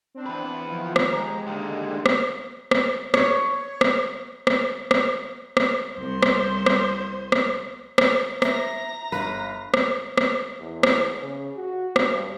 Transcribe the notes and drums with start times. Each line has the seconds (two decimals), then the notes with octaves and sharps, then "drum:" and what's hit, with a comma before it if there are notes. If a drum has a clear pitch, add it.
0.15 C4 D4
0.26 E2 B4
0.69 D#3 F3 F4
0.96 drum: rim click
1.13 F2 G#3 G4 A#5
1.47 D#2 D3
2.06 drum: rim click
2.71 drum: rim click
3.14 C#5, drum: rim click
3.81 drum: rim click
4.47 drum: rim click
4.91 drum: rim click
5.57 drum: rim click
5.97 C2 C5
6.23 drum: rim click
6.66 drum: rim click
7.32 drum: rim click
7.98 drum: rim click
8.42 E5 A#5 A#6, drum: rim click
9.12 G1 B4 F5
9.74 drum: rim click
10.18 drum: rim click
10.60 E2
10.83 drum: rim click
11.20 C#3
11.57 F#4
11.96 G2, drum: rim click